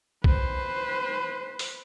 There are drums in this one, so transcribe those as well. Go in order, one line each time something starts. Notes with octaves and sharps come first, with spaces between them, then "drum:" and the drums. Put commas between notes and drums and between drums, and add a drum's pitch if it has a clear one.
B4 C5, drum: kick B1
drum: open hi-hat